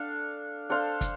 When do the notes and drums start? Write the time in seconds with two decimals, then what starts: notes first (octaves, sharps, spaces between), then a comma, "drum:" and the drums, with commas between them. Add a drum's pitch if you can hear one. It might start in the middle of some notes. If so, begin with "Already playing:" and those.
Already playing: D4 A4 F5
0.70 D4 A4 C5 F5
1.01 drum: kick, hi-hat